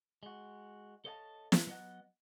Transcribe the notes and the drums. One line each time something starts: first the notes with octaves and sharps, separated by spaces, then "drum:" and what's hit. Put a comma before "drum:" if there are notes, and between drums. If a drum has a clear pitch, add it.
G#3 F#4
A4 C#5 D#5 F5 G5 A5
drum: snare
F#3 B3 D#5 F#5